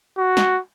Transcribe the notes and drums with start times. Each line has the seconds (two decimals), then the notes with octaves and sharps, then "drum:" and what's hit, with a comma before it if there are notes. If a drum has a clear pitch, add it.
0.18 F#4
0.37 drum: snare